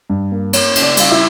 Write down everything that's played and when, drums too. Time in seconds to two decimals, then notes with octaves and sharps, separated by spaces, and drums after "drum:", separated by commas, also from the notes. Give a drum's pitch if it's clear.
0.10 G2
0.32 A#3
0.53 A#3 C#5, drum: cymbal
0.75 C#3, drum: cymbal
0.82 D5
0.97 G3 F5, drum: cymbal
1.11 E4 E5